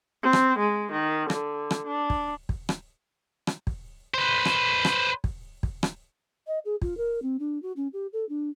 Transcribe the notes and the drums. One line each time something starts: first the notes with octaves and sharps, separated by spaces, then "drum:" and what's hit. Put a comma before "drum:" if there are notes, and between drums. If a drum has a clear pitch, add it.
C4
drum: rim click
G#3
D#3
D3, drum: rim click
drum: rim click
D4
drum: kick
drum: kick
drum: rim click
drum: rim click
drum: kick
B4 C5
drum: rim click
drum: rim click
drum: kick
drum: kick
drum: rim click
D#5
G#4
F4, drum: kick
A#4
C4
D4
F#4
C#4
G4
A4
D4